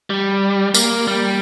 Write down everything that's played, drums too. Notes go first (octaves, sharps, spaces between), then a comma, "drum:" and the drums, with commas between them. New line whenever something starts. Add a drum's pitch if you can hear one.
G3
A#3, drum: tambourine
G3